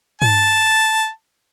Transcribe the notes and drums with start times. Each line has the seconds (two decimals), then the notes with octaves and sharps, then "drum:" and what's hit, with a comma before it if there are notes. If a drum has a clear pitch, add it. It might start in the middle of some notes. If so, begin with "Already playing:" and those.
0.22 A5, drum: tom